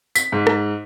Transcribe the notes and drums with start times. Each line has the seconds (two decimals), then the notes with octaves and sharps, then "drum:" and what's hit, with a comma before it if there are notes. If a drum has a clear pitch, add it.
0.15 B6, drum: tambourine
0.32 G#2
0.47 drum: rim click